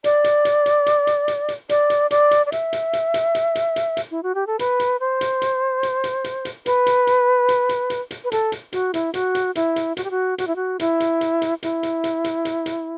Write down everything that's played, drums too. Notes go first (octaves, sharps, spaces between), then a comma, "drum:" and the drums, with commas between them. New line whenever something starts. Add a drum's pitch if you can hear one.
D5, drum: hi-hat
drum: hi-hat
drum: hi-hat
drum: hi-hat
drum: hi-hat
drum: hi-hat
drum: hi-hat
drum: hi-hat
D5, drum: hi-hat
drum: hi-hat
D5, drum: hi-hat
drum: hi-hat
D5
E5, drum: hi-hat
drum: hi-hat
drum: hi-hat
drum: hi-hat
drum: hi-hat
drum: hi-hat
drum: hi-hat
drum: hi-hat
E4
F#4
G4
A4
B4, drum: hi-hat
drum: hi-hat
C5
drum: hi-hat
drum: hi-hat
drum: hi-hat
drum: hi-hat
drum: hi-hat
drum: hi-hat
B4, drum: hi-hat
drum: hi-hat
drum: hi-hat
drum: hi-hat
drum: hi-hat
drum: hi-hat
drum: hi-hat
B4
A4, drum: hi-hat
drum: hi-hat
F#4, drum: hi-hat
E4, drum: hi-hat
F#4, drum: hi-hat
drum: hi-hat
E4, drum: hi-hat
drum: hi-hat
F#4, drum: hi-hat
G4
F#4
F#4, drum: hi-hat
E4
F#4
E4, drum: hi-hat
drum: hi-hat
drum: hi-hat
drum: hi-hat
E4, drum: hi-hat
drum: hi-hat
drum: hi-hat
drum: hi-hat
drum: hi-hat
drum: hi-hat